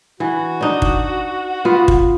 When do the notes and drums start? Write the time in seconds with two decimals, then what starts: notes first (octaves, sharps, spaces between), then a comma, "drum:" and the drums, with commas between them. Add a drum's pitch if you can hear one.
0.20 E3 F#4
0.61 D4 D#4
0.82 drum: kick
1.65 B3 F4
1.88 drum: kick